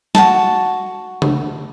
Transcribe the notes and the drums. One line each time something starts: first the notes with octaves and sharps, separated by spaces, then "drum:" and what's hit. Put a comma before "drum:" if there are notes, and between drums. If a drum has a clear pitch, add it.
F#4 A5, drum: snare
drum: tom C#3